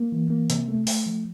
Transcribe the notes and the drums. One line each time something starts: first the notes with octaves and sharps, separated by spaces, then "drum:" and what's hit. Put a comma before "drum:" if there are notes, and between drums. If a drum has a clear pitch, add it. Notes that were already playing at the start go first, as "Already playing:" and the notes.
Already playing: A#3
E3
A#3
C3, drum: hi-hat
A3
A3, drum: open hi-hat
F3